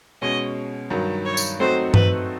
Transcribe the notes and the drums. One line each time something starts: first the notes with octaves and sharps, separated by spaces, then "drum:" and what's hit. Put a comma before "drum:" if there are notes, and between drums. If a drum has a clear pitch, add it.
B2 G#3 C#4 D#5
G2 D#3 F#3
C#5
drum: tambourine
F#3 A3 C4 D#4 F#4 C5
B4, drum: tom G2